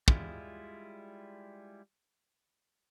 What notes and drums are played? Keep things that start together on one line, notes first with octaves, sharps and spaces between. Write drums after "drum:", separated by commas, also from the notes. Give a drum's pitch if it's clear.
G3 G#3 E4 F4, drum: kick